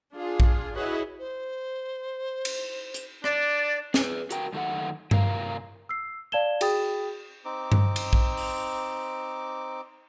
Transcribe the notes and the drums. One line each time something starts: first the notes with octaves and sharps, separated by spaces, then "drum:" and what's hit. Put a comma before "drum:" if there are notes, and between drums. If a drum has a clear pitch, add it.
D4 F4 G#4
drum: kick
E4 F#4 G#4 B4 C#5 D#5
C5
drum: cymbal
drum: hi-hat
D4 D5, drum: rim click
G#4 B4, drum: snare
F#4 A#4 G5, drum: hi-hat
F#2 D#3 A3 A4 F#5
A2 C3 A#4 F5, drum: tom G2
E6 C7
D5 F5 A5 G#6 E7 G7
F#4 G#4 G5 B5 D#6 A6, drum: cymbal
C4 D#4 D6
drum: tom G2
drum: cymbal
drum: kick
drum: open hi-hat